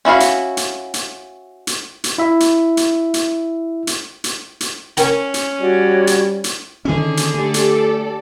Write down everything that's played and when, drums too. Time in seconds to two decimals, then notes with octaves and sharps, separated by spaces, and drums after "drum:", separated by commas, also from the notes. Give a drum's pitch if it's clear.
0.05 C#4 E4 F#4 F5
0.20 drum: hi-hat
0.57 drum: hi-hat
0.94 drum: hi-hat
1.67 drum: hi-hat
2.04 drum: hi-hat
2.18 E4 E5
2.40 drum: hi-hat
2.77 drum: hi-hat
3.14 drum: hi-hat
3.87 drum: hi-hat
4.24 drum: hi-hat
4.60 drum: hi-hat
4.97 C#4 A#4 G5 A#5, drum: hi-hat
5.34 drum: hi-hat
5.60 G3 F#4 C#5 D5
6.07 drum: hi-hat
6.44 drum: hi-hat
6.85 D3 D#3 C#4 G#4
7.17 drum: hi-hat
7.34 A3 G4 A4 D5
7.54 drum: hi-hat